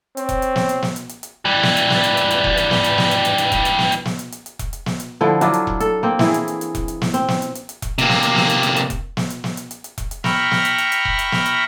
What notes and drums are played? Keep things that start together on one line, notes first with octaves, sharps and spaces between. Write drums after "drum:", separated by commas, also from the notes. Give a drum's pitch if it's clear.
C4 C#5, drum: hi-hat
drum: kick E1, hi-hat
drum: hi-hat
drum: snare
drum: hi-hat
drum: snare
drum: hi-hat
drum: hi-hat
drum: hi-hat
E3 G3
drum: snare
drum: hi-hat
drum: snare
drum: hi-hat
drum: hi-hat
drum: hi-hat
drum: kick E1
drum: hi-hat
drum: snare
drum: hi-hat
drum: snare
drum: hi-hat
drum: hi-hat
drum: hi-hat
drum: kick E1, hi-hat
drum: hi-hat
drum: snare
drum: hi-hat
drum: snare
drum: hi-hat
drum: hi-hat
drum: hi-hat
drum: kick E1, hi-hat
drum: hi-hat
drum: snare
drum: hi-hat
D3 F3 E4
F#3 D4 E4 F4, drum: hi-hat
drum: hi-hat
drum: kick E1
A4, drum: hi-hat
A#3 C4
E3 E4 G#4, drum: snare
drum: hi-hat
drum: hi-hat
drum: hi-hat
drum: kick E1, hi-hat
drum: hi-hat
drum: snare
C4, drum: hi-hat
drum: snare
drum: hi-hat
drum: hi-hat
drum: hi-hat
drum: kick E1, hi-hat
C3 A#3, drum: hi-hat
drum: snare
drum: hi-hat
drum: snare
drum: hi-hat
drum: hi-hat
drum: hi-hat
drum: kick E1, hi-hat
drum: snare
drum: hi-hat
drum: snare
drum: hi-hat
drum: hi-hat
drum: hi-hat
drum: kick E1, hi-hat
drum: hi-hat
E5 G5 A#5 B5 C#6 F6, drum: snare
drum: snare
drum: hi-hat
drum: hi-hat
drum: hi-hat
drum: kick E1
drum: hi-hat
drum: snare
drum: hi-hat